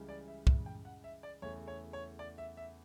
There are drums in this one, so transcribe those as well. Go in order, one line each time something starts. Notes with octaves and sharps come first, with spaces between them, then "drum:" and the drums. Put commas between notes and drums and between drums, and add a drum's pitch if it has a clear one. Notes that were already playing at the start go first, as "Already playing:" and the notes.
Already playing: C#2 C#3 E3 G3
D5
E5
E5, drum: kick
G5
F#5
E5
D5
E2 C#3 E3 A3 C#5
C#5
C#5
D5
E5
E5